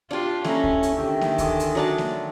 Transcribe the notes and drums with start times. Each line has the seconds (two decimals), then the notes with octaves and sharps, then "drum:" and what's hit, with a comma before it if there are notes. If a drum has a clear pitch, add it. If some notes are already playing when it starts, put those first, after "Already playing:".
0.11 D4 F4 G4 A5
0.44 A3 C#4 E4 A#5, drum: snare A#3
0.64 drum: kick C#2
0.83 drum: hi-hat
0.97 D3 D#3 G4 E5
1.21 drum: snare A#3
1.38 G#3 A4 D6, drum: kick C#2, hi-hat
1.60 drum: hi-hat
1.75 F#3 D4 A5 A#5
1.98 drum: snare A#3